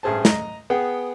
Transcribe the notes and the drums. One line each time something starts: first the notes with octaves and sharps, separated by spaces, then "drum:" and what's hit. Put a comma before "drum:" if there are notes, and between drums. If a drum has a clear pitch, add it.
A1 G2 G#4 C5 A5
D#5 A#5, drum: snare
B3 G#4 F#5 G5